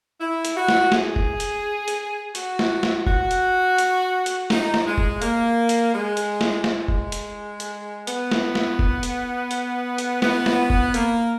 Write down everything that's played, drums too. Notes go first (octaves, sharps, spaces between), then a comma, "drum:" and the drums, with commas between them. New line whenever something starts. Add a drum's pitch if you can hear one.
E4
drum: hi-hat
F#4
drum: snare
G#4, drum: snare
drum: kick F1
drum: hi-hat
drum: hi-hat
F#4, drum: hi-hat
drum: snare
drum: snare
F#4, drum: kick F1
drum: hi-hat
drum: hi-hat
drum: hi-hat
D#4, drum: snare
drum: snare
G#3
drum: kick F1
A#3, drum: hi-hat
drum: hi-hat
G#3
drum: hi-hat
drum: snare
G#3, drum: snare
drum: kick F1
drum: hi-hat
drum: hi-hat
B3, drum: hi-hat
drum: snare
drum: snare
drum: kick F1
drum: hi-hat
drum: hi-hat
drum: hi-hat
B3, drum: snare
drum: snare
drum: kick F1
A#3, drum: hi-hat